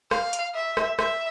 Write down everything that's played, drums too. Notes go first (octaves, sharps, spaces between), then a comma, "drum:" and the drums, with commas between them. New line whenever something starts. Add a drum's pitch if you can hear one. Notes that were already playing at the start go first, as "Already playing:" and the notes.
F5, drum: rim click
drum: hi-hat
E5
drum: rim click
E5, drum: rim click